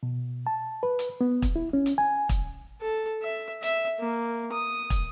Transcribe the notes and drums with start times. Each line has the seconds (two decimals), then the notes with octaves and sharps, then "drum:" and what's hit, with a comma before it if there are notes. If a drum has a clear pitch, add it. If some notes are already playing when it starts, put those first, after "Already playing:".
0.03 B2
0.47 A5
0.83 B4
0.99 drum: hi-hat
1.21 B3
1.42 drum: kick, hi-hat
1.56 E4
1.73 C#4
1.86 drum: hi-hat
1.98 G#5
2.29 drum: kick, hi-hat
2.81 A4
3.22 E5
3.63 E5, drum: hi-hat
4.00 A#3
4.52 D#6
4.90 drum: kick, hi-hat